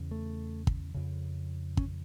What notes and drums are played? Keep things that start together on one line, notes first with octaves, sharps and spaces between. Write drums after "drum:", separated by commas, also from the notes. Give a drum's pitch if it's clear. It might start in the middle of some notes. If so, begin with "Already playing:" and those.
Already playing: E2 C#3
A3
drum: kick
F2 C#3
C#4, drum: kick